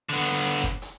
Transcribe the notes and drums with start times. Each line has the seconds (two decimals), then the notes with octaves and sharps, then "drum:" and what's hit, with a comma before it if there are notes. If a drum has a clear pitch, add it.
0.09 D3 B3
0.27 drum: hi-hat
0.46 drum: hi-hat
0.64 drum: kick, hi-hat
0.82 drum: hi-hat